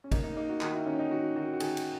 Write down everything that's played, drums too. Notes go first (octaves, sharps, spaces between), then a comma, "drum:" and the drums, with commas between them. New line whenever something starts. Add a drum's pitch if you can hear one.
C#4
A#3 D#4, drum: kick G#1, cymbal
D#4
A#3 D#4
F#4
D#3 F#4, drum: clap
E4
D#3 C#4
D#4
D#3 F#4
D#3 F#4
F#4
D#3 G#4, drum: cymbal
drum: cymbal